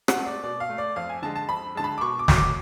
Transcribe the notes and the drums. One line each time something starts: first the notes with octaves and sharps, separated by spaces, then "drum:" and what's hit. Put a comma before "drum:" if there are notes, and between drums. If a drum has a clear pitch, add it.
F#5, drum: rim click
A3
D5
B2 D5
F5
A3
D5
F2 F5
G#5
D3 G#3 A5
A5
F2 B5
D3 G#3 A5
B5
D6
B2 C#6
D6
F#3 A3, drum: snare
D6